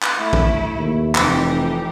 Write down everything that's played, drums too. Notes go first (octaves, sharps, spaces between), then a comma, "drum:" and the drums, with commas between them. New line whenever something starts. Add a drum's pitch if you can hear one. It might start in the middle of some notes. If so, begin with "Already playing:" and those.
drum: clap
A3 E4
drum: kick
D#2
F1 E3 D#4 G4, drum: clap